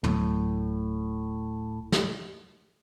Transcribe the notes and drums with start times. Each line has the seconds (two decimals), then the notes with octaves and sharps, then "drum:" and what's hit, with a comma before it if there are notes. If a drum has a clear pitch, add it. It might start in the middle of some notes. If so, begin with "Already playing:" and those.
0.04 D1 A2 F#3, drum: tom
1.92 drum: snare